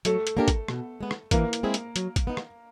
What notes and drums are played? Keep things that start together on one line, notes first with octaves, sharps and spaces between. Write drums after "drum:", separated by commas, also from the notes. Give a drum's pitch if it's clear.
F#3 A3 A4, drum: hi-hat
drum: hi-hat
A#3 D4 G4 A#4
drum: kick G#1, hi-hat
B2, drum: rim click
G#3 B3
drum: rim click
E3 A#3 A#4, drum: kick G#1, hi-hat
drum: hi-hat
G#3 C4 E4 G#4
drum: hi-hat
F#3, drum: hi-hat
drum: kick G#1, hi-hat
B3 D#4
drum: rim click